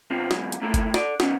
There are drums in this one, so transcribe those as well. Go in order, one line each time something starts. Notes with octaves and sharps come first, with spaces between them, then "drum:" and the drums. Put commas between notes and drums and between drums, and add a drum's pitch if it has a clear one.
C3 B3 C4 D4 F4
E2 G#2 E3 F#3, drum: snare
drum: hi-hat
A3 A#3 E4 A4
drum: kick G1, hi-hat
A4 D5, drum: snare
D#3 B3 C#4 D#4, drum: snare